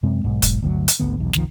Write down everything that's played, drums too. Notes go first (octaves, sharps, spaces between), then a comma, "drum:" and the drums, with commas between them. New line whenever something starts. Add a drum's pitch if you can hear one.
F#2 C3 G#3 C4
B1 G#2
drum: kick, hi-hat
G1 D2 C3 F#3
drum: hi-hat
G#1 D2 D3 B3
B1 E2
F#1 C2 D#3 F3, drum: snare